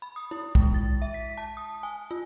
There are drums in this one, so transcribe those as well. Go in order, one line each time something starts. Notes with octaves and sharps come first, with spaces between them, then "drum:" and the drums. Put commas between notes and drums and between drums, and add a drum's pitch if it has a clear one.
B5
D#6
E4
G#3, drum: kick B1
A6
E5
B6
A5
D#6
G#5
F4